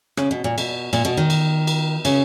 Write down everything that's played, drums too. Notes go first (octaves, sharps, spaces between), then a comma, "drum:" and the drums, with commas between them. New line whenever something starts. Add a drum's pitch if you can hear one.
C#3, drum: rim click
B2
A#2
B2, drum: cymbal
A#2, drum: cymbal
B2
D#3
drum: cymbal
drum: cymbal
C#3, drum: cymbal